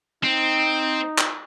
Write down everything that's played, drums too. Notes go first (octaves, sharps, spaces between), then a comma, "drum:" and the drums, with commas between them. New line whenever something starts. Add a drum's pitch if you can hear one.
C4 D#4
drum: clap